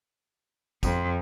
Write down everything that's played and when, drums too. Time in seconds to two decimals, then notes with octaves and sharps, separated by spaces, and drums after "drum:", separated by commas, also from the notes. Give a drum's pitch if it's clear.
0.83 F2, drum: kick, tambourine